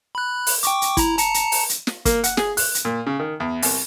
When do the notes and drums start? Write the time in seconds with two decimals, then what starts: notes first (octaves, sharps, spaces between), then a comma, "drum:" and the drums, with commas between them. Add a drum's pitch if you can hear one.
0.15 B5 F#6
0.47 drum: open hi-hat
0.63 G5 C#6 D6, drum: hi-hat
0.82 drum: hi-hat
0.97 E4 A#5, drum: kick, hi-hat
1.18 A5 A#5 C#7, drum: hi-hat
1.34 drum: hi-hat
1.52 drum: open hi-hat
1.69 drum: hi-hat
1.87 drum: snare
2.05 A#3, drum: kick, hi-hat
2.24 F#5, drum: hi-hat
2.37 G#4, drum: snare
2.57 F#6, drum: open hi-hat
2.75 drum: hi-hat
2.85 A#2
3.07 C#3
3.20 D#3
3.40 E2
3.62 C2, drum: open hi-hat